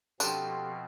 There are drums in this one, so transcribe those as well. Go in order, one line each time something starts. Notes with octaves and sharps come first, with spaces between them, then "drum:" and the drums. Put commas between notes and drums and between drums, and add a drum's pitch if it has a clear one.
B2 F3 C4 D4 G4 A4 G5 C6, drum: tambourine